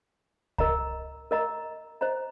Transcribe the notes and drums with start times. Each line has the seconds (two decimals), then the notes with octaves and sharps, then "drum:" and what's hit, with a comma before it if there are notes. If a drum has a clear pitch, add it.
0.58 A#4 D#5 A#5, drum: kick C#2
1.31 A#4 D#5 A#5
2.01 C5 D#5 A#5